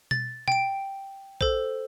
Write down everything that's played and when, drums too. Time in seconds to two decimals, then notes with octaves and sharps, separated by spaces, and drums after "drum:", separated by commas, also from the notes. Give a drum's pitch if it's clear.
0.11 A6, drum: tom B2
0.48 G5 D7, drum: tom B2
1.41 A4 C5, drum: kick